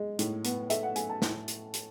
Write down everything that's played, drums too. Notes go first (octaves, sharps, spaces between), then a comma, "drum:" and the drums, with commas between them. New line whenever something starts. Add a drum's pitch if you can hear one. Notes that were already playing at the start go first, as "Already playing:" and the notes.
Already playing: G#3
A2, drum: hi-hat
B3, drum: hi-hat
A3 E5, drum: hi-hat
F#5
A3 G#5, drum: hi-hat
A5
A2, drum: snare
drum: hi-hat
drum: hi-hat